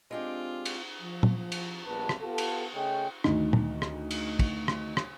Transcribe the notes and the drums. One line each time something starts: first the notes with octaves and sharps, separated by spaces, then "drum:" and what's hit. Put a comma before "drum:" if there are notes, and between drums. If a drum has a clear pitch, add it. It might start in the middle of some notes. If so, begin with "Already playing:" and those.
G#3 C4 D4 F4 G4
drum: cymbal
F3
drum: tom
drum: cymbal
A#1 G3 B3 B4 A5
drum: rim click
B3 F4 G4 A4
drum: cymbal
C#3 A3 G#4 C#5 D#5 G5
D2 D#3, drum: rim click
drum: tom
drum: rim click
drum: cymbal
drum: kick, cymbal
drum: rim click
drum: rim click